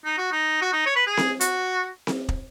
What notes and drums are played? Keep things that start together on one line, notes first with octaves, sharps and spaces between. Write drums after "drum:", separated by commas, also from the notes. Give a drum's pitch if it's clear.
D#4
F#4
D#4
F#4
D#4
C#5
B4
G#4
drum: snare C4
F#4, drum: hi-hat
drum: snare C4
drum: kick